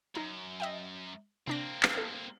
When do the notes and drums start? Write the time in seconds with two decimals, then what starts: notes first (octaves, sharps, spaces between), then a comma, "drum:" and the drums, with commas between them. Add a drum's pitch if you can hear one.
0.15 F#2 D#4 A#5
0.60 D#5 E5 G5
1.47 C3 A#3 C4 D4 A#6
1.83 drum: clap
1.97 A4